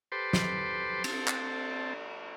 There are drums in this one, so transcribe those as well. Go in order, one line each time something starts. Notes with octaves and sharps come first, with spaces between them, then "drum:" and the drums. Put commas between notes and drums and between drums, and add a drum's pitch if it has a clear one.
G4 A4 B4 C5 C6 D6
drum: snare
C4 A5, drum: cymbal
drum: clap